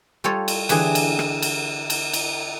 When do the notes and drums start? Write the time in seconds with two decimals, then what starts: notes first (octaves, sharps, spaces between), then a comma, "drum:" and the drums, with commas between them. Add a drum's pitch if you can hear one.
0.24 G3 F4 A4 C#5
0.48 drum: cymbal
0.69 D3 E3 G4 G#4, drum: cymbal
0.95 drum: cymbal
1.19 drum: rim click
1.42 drum: cymbal
1.90 drum: cymbal
2.13 drum: cymbal